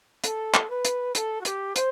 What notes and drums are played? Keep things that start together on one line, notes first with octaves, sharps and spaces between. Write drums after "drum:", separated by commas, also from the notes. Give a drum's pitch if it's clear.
A4, drum: hi-hat
drum: clap
B4
drum: hi-hat
A4, drum: hi-hat
F#4
G4, drum: hi-hat
C5, drum: hi-hat